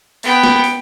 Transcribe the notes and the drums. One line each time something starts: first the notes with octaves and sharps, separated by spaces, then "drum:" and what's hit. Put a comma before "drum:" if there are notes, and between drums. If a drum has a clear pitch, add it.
B3 G5, drum: open hi-hat
drum: snare
drum: open hi-hat